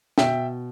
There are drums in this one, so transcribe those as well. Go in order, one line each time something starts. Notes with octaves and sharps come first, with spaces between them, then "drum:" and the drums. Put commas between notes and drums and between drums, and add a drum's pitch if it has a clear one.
B2 E5 G5, drum: snare